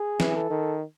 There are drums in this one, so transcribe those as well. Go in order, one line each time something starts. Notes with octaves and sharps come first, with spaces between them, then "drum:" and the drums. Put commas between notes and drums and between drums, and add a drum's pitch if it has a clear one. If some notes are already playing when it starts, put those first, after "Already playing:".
Already playing: G#4
E3, drum: snare
A4
D#3